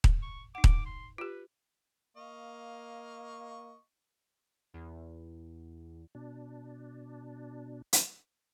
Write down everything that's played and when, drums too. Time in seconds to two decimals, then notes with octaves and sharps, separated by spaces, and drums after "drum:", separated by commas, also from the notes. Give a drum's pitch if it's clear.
0.04 drum: kick D#1
0.22 C#6
0.55 D#4 F#5 D6
0.64 drum: kick D#1
0.86 C6
1.18 F4 G4 B4
2.17 A#3 D#5 F5 C#6
4.74 E2
6.15 B2 D4
7.93 drum: hi-hat